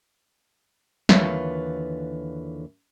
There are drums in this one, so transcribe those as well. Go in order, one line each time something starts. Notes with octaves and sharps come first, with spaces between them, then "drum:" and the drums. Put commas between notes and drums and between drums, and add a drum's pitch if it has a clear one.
D#2 D3 E3 F4 B4 C#5, drum: snare